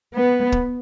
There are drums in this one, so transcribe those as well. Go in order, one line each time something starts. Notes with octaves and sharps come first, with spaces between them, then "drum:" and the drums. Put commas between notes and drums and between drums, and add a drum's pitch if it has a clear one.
B3
drum: kick